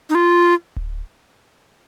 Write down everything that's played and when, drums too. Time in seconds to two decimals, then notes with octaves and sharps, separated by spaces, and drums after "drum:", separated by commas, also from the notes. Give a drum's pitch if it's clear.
0.10 D#4
0.15 F4
0.76 drum: kick D1